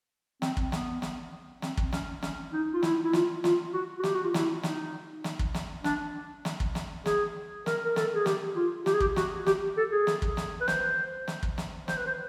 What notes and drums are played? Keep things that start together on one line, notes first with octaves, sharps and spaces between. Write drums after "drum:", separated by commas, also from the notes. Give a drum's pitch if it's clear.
C4, drum: snare
drum: kick
B3, drum: snare
drum: snare
C4, drum: snare
drum: kick
C#4, drum: snare
C#4, drum: snare
D#4
F4
E4, drum: snare
E4
F4, drum: snare
F4, drum: snare
F#4
F#4
G4, drum: snare
F#4
F4
E4, drum: snare
D#4, drum: snare
drum: snare
drum: kick
drum: snare
D4, drum: snare
drum: snare
drum: kick
drum: snare
G#4, drum: snare
A#4, drum: snare
A#4
A4, drum: snare
G#4
G4, drum: snare
F4
G4, drum: snare
G#4
G4, drum: kick
F#4, drum: snare
G4, drum: snare
A4
G#4
drum: snare
drum: kick
drum: snare
B4
C5, drum: snare
drum: snare
drum: kick
drum: snare
C5, drum: snare
B4
C5